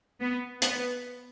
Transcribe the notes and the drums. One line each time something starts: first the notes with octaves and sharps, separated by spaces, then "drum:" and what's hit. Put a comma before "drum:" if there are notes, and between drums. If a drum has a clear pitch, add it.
B3
B3, drum: hi-hat